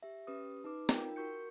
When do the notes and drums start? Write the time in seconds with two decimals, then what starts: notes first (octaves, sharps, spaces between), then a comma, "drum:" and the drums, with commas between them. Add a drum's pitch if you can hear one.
0.03 G4 E5
0.27 C#4 G4 B4 D#6
0.64 D#4 B4 D6
0.89 D#4 F4 A#4 G5, drum: snare
1.16 F#4 A#4 C#6 G6 C#7